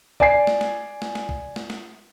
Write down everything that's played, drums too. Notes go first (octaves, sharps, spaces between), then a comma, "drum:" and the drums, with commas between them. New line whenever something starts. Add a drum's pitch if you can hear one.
D5 G#5 C7, drum: kick
drum: snare
drum: snare
drum: snare
drum: snare
drum: kick
drum: snare
drum: snare